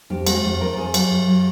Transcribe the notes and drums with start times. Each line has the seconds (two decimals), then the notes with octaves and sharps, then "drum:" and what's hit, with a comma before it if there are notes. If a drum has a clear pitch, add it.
0.10 F2 G4
0.27 G#3 F#4, drum: cymbal
0.44 F2
0.61 F3 A#4
0.77 F2 G#4
0.94 F#3, drum: cymbal
1.11 F#2
1.28 F#3